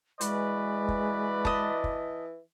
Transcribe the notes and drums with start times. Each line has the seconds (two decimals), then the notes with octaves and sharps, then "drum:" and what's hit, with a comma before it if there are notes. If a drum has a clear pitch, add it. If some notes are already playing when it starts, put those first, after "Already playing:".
0.21 E3 G#3 F#4 B4 D5, drum: hi-hat
0.88 drum: kick
1.45 D#5 A5, drum: kick
1.84 drum: kick